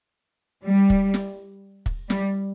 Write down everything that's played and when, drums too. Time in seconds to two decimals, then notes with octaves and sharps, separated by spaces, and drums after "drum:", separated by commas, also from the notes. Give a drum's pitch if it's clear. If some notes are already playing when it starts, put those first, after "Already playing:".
0.66 G3
0.90 drum: kick
1.14 drum: snare
1.86 drum: kick
2.10 G3, drum: snare